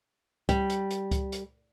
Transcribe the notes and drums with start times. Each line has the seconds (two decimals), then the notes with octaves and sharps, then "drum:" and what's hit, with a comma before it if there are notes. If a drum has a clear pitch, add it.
0.49 G3, drum: kick C#2, hi-hat
0.70 drum: hi-hat
0.91 drum: hi-hat
1.11 drum: kick C#2, hi-hat
1.32 drum: hi-hat